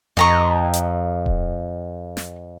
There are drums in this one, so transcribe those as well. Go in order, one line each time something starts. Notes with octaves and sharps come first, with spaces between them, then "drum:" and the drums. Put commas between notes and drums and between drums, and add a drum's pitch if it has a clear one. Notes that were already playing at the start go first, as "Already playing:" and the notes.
F2 D#5 A#5 C#6
drum: hi-hat
drum: kick D#1
drum: snare